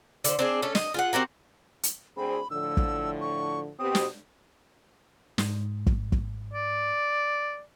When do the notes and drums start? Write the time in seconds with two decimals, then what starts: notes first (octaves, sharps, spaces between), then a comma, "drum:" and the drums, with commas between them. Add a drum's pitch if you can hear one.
0.24 D3 C5, drum: hi-hat
0.39 C4 D4 G#4
0.62 A3 C#4 A4
0.75 D#5, drum: snare
0.94 F4 G#4 F#5
1.13 C4 F#4 G4 A#4
1.83 drum: hi-hat
2.17 D2 C4 G#4 B5
2.50 A2 D3 F3 E6
2.77 drum: kick
3.21 C#6
3.79 B2 C4 G4 D#6
3.95 drum: snare
5.38 G#2, drum: snare
5.87 drum: kick
6.12 drum: kick
6.53 D5